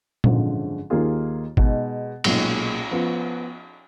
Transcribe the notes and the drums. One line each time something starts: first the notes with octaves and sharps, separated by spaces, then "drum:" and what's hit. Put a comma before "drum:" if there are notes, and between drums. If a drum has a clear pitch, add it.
G#1 F#2 D3 F3 G#3, drum: tom A#2
D#2 D#3 A#3 F4 G#4
B2 G#3 D#4, drum: kick
B1 A#2 G#3, drum: cymbal
F3 B3